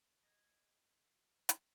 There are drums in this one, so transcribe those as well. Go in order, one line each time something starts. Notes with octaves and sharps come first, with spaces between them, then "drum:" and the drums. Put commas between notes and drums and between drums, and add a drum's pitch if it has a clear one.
D#5 G#6
drum: hi-hat